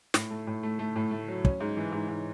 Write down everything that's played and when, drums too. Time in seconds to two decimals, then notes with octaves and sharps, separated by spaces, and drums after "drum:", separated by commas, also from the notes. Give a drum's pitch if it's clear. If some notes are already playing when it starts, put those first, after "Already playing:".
0.14 A2, drum: snare
0.30 A3
0.47 A2
0.63 A3
0.79 A3
0.96 A2
1.11 A3
1.28 F#3
1.45 C#4, drum: kick
1.60 G#2
1.77 E3
1.92 G#2
2.08 G#2